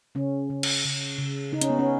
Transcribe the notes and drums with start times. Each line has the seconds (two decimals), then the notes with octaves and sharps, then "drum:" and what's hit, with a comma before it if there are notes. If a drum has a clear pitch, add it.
0.15 C#3 C#4
0.50 C#3
0.63 drum: cymbal
0.85 C#3
1.18 C#3
1.52 C#3 D#4
1.61 C#4, drum: hi-hat
1.70 B3
1.79 C#4